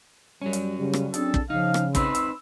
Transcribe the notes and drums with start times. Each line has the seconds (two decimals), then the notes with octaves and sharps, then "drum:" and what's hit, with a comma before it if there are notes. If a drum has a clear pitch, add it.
0.42 F#3 G3 C#4
0.53 drum: hi-hat
0.78 C#3 G3
0.93 drum: rim click
1.14 C4 D4 G#4 A4, drum: hi-hat
1.34 drum: kick
1.50 C#3 F3 D#4 F5
1.74 drum: rim click
1.95 C4 D#4 B4 B5 C6 E6, drum: kick, hi-hat
2.15 drum: hi-hat